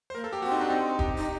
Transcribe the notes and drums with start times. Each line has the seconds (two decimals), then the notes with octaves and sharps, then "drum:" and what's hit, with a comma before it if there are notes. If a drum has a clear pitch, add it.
0.10 C5
0.14 A#3 A#4
0.24 A4
0.33 G4
0.42 C4 F#4
0.52 D#4
0.61 D4
0.70 D#4
0.99 G4, drum: kick
1.17 D#4